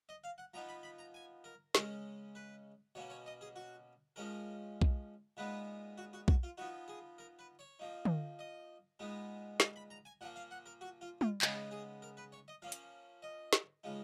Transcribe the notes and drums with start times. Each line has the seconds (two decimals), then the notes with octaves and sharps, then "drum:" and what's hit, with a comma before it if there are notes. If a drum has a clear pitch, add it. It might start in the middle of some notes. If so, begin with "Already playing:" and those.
0.09 D#5
0.24 F5
0.38 F#5
0.54 F3 B3 D#4 A#5
0.69 B5
0.83 B5
0.99 A#5
1.14 G#5
1.44 A#4
1.75 C#3 G#3 C#4 A#4, drum: snare
2.35 B4
2.95 B2 A#3 C#4 C#5
3.10 C#5
3.26 D#5
3.41 G#4
3.56 F#4
4.16 F3 G#3 C#4 A#4
4.82 drum: kick B1
5.37 A#2 G#3 B3 D#4 B4
5.98 F#4
6.13 F#4
6.28 F#4, drum: kick B1
6.43 F4
6.58 F3 B3 D#4 F#4
6.88 G#4
7.18 A#4
7.39 B4
7.59 C#5
7.79 F3 A#3 D#4
8.05 drum: tom
8.39 D#5
8.99 A#2 G#3 B3 D#4
9.60 D#5, drum: snare
9.76 B5
9.90 A#5
10.05 G#5
10.21 A#2 F3 A#3 F#5
10.36 F5
10.51 F#5
10.66 A#4
10.81 F#4
11.01 F4
11.21 F4, drum: tom G3
11.42 C#3 G#3 B3 D#4 G#4, drum: clap
11.71 G#4
12.02 A#4
12.17 B4
12.32 C#5
12.48 D#5
12.62 F3 A#3 C#4 F5
12.72 drum: hi-hat
13.22 D#5
13.53 drum: snare
13.84 C#3 F3 G#3 D#4